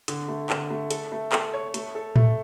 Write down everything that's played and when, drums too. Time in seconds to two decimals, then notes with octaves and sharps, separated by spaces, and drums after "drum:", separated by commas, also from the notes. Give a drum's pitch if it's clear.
0.08 D3, drum: hi-hat
0.28 A3
0.50 D3, drum: clap
0.71 A3
0.91 A4, drum: hi-hat
1.12 A3
1.32 A4, drum: clap
1.54 C#5
1.74 A3, drum: hi-hat
1.95 A4
2.16 A3, drum: tom A2